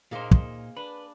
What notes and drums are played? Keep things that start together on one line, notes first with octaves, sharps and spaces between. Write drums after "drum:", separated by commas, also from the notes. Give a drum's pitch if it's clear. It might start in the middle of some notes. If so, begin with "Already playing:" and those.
A#2 A#3 D#4 G#4 C5 F5
drum: kick
D4 B4